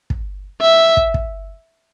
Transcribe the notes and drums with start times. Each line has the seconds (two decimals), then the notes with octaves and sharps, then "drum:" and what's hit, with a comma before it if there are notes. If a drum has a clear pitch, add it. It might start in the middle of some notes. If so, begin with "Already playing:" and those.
0.10 drum: kick
0.62 E5
0.97 drum: kick
1.14 drum: kick